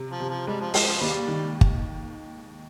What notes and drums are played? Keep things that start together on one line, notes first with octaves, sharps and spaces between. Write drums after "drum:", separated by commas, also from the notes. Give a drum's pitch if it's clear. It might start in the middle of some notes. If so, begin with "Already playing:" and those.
Already playing: C3
F3
C3
F3
G3 G#3
F3
F3 G#3, drum: open hi-hat
F3
D#2 G3
D#3
drum: kick G1